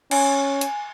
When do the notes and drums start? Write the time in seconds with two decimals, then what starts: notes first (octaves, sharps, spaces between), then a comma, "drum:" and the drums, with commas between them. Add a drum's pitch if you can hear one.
0.11 C#4 G#5, drum: cymbal
0.61 drum: hi-hat